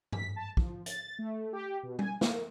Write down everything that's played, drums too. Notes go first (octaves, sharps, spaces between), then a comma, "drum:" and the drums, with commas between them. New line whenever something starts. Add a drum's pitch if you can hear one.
B6, drum: tom G2
A5
F3, drum: kick
A6, drum: hi-hat
A3
G4
B2
G#5, drum: tom G3
A#3, drum: snare